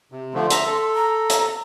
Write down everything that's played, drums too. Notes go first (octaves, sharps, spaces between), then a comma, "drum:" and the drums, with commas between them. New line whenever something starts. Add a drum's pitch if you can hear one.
C3
D3 F3 A3 C6
E5 A#5, drum: hi-hat
A4
A#5
drum: hi-hat